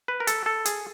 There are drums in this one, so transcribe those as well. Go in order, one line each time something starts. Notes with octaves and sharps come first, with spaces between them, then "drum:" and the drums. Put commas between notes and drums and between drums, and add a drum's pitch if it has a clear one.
B4
A#4
A4, drum: hi-hat
A4
G#4, drum: hi-hat